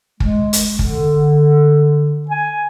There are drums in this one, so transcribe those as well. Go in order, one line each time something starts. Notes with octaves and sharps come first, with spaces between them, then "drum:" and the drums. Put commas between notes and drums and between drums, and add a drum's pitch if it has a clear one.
G#3, drum: kick
drum: hi-hat
D3, drum: kick
G#5